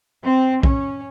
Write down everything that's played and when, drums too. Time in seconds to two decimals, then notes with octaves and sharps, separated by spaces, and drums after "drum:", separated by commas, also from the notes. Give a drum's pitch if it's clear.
0.23 C4
0.63 C#4, drum: kick